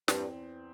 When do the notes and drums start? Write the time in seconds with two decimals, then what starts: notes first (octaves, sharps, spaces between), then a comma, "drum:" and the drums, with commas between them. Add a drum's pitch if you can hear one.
0.08 E2 G2 E3 C4, drum: snare